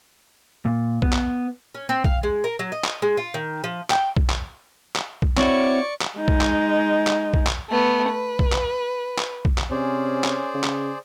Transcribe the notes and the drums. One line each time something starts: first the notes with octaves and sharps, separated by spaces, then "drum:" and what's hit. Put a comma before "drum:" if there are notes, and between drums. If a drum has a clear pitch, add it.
A#2
B3, drum: kick B1
drum: clap
C#4
C4
F5, drum: kick B1
G#3
A#4
F#3
D#5
drum: clap
G#3
F4
D#3
F3
G5, drum: clap
drum: kick B1
drum: clap
drum: clap
drum: kick B1
C4 E4 F#4 C#5 D5 C#6 D6, drum: clap
drum: clap
G#3 D#4
drum: kick B1
drum: clap
drum: clap
drum: kick B1
drum: clap
A3 B3
B4
drum: kick B1
drum: clap
drum: clap
drum: kick B1
drum: clap
C3 C#4 G#4 C5 D5
drum: clap
C#3
drum: clap